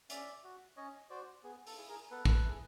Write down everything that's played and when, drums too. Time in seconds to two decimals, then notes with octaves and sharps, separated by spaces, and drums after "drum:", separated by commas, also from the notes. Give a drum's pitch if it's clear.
0.10 C#4 D5 E5, drum: hi-hat
0.44 F#4
0.77 C#4 C#5 D#5
1.10 F#4 C5 D5
1.44 B3 G#4
1.67 A4, drum: open hi-hat
1.77 E4 G#4
1.89 G#4 A#4
2.11 B3 A4 B4
2.25 drum: kick
2.45 E4 G#4